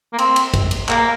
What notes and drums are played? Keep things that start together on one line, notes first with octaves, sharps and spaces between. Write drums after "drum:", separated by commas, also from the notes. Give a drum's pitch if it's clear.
A#3
C4, drum: cymbal
drum: cymbal
drum: kick, cymbal
drum: cymbal
A#3, drum: clap